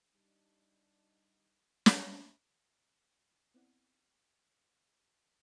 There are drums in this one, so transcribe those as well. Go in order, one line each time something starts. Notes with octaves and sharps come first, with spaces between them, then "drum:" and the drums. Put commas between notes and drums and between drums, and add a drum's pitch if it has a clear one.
G3 D4 D#4
drum: snare
B3 C4 E4 D5 F#5